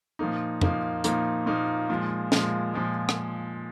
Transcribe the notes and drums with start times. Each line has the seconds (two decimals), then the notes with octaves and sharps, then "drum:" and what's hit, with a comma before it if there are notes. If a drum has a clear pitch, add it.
0.19 A#2 F3 A#3 D#4
0.61 A#2 F3 A#3 D#4, drum: tom F2
1.04 A#2 F3 A#3 D#4, drum: hi-hat
1.46 A#2 F3 A#3 D#4
1.90 A#2 F3 G#3
2.32 A#2 F3 G#3, drum: snare
2.74 A#2 F3 G#3
3.09 drum: rim click